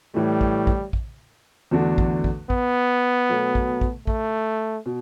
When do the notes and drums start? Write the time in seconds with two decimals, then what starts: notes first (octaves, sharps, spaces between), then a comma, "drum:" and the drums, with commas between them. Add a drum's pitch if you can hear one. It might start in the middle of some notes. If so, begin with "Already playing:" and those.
0.14 A2 E3 G3 A3
0.41 drum: kick
0.67 drum: kick
0.93 drum: kick
1.71 E2 D3 A3 D4 F#4
1.98 drum: kick
2.24 drum: kick
2.50 B3, drum: kick
3.29 B2 F#3 A3
3.55 drum: kick
3.81 drum: kick
4.07 A3, drum: kick
4.86 B2